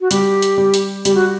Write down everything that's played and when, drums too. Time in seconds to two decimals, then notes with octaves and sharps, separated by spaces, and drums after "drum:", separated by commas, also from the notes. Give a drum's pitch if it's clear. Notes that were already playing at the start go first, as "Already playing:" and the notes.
0.01 F#4
0.11 G3 G4, drum: hi-hat
0.42 drum: hi-hat
0.58 G3
0.74 drum: hi-hat
1.05 G3 G4, drum: hi-hat
1.15 F#4